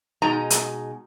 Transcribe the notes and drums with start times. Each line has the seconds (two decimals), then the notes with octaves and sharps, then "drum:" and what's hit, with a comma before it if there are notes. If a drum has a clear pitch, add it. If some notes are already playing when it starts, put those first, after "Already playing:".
0.22 B2 G#3 D#4 A#5
0.50 drum: hi-hat